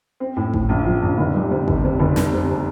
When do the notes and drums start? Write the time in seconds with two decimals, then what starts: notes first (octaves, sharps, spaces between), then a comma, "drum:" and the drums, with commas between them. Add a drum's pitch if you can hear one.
0.20 C4
0.36 A2
0.54 A2, drum: kick G#1
0.69 A#1
0.86 F3
1.02 A#1
1.18 F1
1.35 G3
1.51 C3
1.68 F1, drum: kick G#1
1.84 C3
2.00 F1
2.16 C2, drum: snare
2.33 C3
2.50 C3